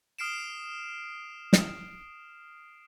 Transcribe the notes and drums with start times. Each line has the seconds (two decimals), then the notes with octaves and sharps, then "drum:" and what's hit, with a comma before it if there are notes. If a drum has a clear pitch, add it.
0.19 D#6 F6 C7 D7 E7
1.53 drum: snare